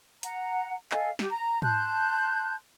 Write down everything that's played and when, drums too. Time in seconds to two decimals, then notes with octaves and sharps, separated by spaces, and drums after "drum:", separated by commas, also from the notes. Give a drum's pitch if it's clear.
0.23 F#5 A#5, drum: hi-hat
0.92 A4 D#5 F5 G#5, drum: clap
1.19 G4, drum: snare
1.31 A#5
1.62 A5 C6 F#6 G6, drum: tom